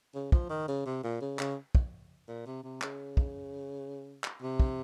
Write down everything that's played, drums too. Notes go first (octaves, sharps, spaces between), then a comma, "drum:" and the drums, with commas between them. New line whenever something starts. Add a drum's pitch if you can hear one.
C#3
F3, drum: kick
D#3
C#3
C3
A#2
C#3
C#3, drum: clap
drum: kick
A#2
C3
C3
C#3, drum: clap
drum: kick
drum: clap
C3
drum: kick